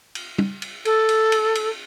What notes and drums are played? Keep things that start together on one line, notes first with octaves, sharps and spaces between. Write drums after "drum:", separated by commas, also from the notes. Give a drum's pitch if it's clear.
drum: cymbal
drum: tom
drum: cymbal
A4, drum: cymbal
drum: cymbal
drum: cymbal
drum: cymbal